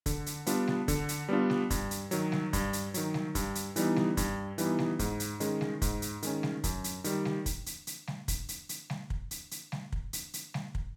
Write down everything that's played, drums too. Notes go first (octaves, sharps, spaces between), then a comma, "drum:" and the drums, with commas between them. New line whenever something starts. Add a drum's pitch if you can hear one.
D3, drum: kick, hi-hat
drum: hi-hat
G3 B3 D4 F4, drum: hi-hat
drum: snare
D3, drum: kick, hi-hat
drum: hi-hat
G3 B3 D4 F4
drum: snare
G2, drum: kick, hi-hat
drum: hi-hat
D#3 F#3, drum: hi-hat
drum: snare
G2, drum: kick, hi-hat
drum: hi-hat
D#3 F#3, drum: hi-hat
drum: snare
G2, drum: kick, hi-hat
drum: hi-hat
E3 G3 B3 D#4, drum: hi-hat
drum: snare
G2, drum: kick, hi-hat
E3 G3 B3 D#4, drum: hi-hat
drum: snare
G#2, drum: kick, hi-hat
drum: hi-hat
D#3 G#3 C#4, drum: hi-hat
drum: snare
G#2, drum: kick, hi-hat
drum: hi-hat
D#3 G#3 C#4, drum: hi-hat
drum: snare
F#2, drum: kick, hi-hat
drum: hi-hat
D#3 G3, drum: hi-hat
drum: snare
drum: kick, hi-hat
drum: hi-hat
drum: hi-hat
drum: snare
drum: kick, hi-hat
drum: hi-hat
drum: hi-hat
drum: snare
drum: kick
drum: hi-hat
drum: hi-hat
drum: snare
drum: kick
drum: hi-hat
drum: hi-hat
drum: snare
drum: kick